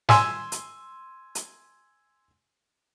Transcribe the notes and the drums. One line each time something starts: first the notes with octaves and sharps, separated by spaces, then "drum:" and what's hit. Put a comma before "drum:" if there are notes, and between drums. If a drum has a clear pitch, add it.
G#5 C6 E6, drum: snare
drum: hi-hat
drum: hi-hat